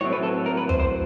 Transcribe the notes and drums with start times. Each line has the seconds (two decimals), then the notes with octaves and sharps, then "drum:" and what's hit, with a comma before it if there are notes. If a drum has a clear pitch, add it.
0.01 A2 F#3 A3 C4 C#5
0.12 B4
0.23 A4
0.46 A#4
0.57 B4
0.69 C5, drum: tom
0.80 C5